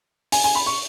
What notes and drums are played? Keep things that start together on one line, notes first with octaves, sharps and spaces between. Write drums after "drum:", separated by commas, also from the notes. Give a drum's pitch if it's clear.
G#5, drum: open hi-hat
G#5
B5
C#6